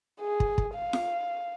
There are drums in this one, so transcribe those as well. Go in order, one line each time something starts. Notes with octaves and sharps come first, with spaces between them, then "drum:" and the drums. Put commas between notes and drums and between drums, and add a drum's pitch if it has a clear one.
G#4
drum: kick
drum: kick
F5
drum: snare F4